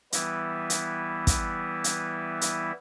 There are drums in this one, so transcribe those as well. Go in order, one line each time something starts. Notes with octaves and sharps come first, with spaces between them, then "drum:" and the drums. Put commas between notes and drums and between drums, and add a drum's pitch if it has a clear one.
E3 G3 B3 E4, drum: hi-hat
drum: hi-hat
drum: kick, hi-hat
drum: hi-hat
drum: hi-hat